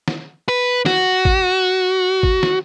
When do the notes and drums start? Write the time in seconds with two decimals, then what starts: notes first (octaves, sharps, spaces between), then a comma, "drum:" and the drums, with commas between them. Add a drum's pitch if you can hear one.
0.08 drum: snare
0.49 B4
0.86 F#4, drum: snare
1.25 drum: kick
2.23 drum: kick
2.43 drum: snare